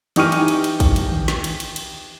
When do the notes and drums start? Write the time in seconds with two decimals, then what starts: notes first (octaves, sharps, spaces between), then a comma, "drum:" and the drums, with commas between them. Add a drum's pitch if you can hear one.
0.16 E3 D#4 G4 C#6 F6 D#7, drum: cymbal
0.32 drum: cymbal
0.48 drum: cymbal
0.64 drum: cymbal
0.80 drum: kick, cymbal
0.96 drum: cymbal
1.12 drum: tom D3
1.28 drum: snare
1.44 drum: cymbal
1.60 drum: cymbal
1.76 drum: cymbal